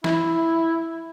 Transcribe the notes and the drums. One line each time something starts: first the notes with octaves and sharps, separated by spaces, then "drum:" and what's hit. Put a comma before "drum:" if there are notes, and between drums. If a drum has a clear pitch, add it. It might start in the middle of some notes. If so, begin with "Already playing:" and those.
E4, drum: snare